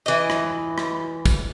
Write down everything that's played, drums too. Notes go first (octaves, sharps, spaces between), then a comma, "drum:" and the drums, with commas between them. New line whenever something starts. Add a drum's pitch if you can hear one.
E3 D#5
drum: rim click
drum: rim click
drum: kick, tambourine